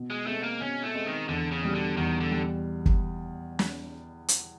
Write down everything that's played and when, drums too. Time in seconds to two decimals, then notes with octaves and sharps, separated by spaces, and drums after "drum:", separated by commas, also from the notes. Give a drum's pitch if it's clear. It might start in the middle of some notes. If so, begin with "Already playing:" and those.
Already playing: B2
0.10 G#3
0.27 G#3 A3 C4
0.43 A#3
0.61 B2 C#4
0.83 A3
0.94 G#3 C4
1.06 D#3
1.28 E2 D3
1.51 C#3
1.62 B2 G3
1.75 D3
1.97 E2 D#3
2.20 D3
2.31 G3
2.86 drum: kick
3.59 drum: snare
4.28 drum: hi-hat